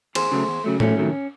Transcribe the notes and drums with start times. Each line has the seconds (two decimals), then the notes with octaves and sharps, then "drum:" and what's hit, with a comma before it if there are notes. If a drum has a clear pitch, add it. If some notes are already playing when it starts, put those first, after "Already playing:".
0.15 E2 G#4 C5, drum: cymbal
0.32 C#3 F#3 A3
0.48 E2
0.64 C#3 F#3 A3
0.80 E2 A3 C#4, drum: tom A2
0.97 C3 D#3 F#3 A3